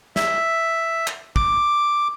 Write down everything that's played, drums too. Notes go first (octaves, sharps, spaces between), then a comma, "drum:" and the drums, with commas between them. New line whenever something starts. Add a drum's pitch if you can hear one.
E5, drum: snare
drum: clap
D6, drum: kick